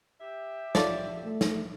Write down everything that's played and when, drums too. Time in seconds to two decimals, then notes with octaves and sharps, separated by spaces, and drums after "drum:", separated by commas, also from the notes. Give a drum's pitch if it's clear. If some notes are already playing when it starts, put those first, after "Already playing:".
0.21 G4 E5
0.75 F4 A4 C#5 D5, drum: snare
1.24 A3
1.41 drum: snare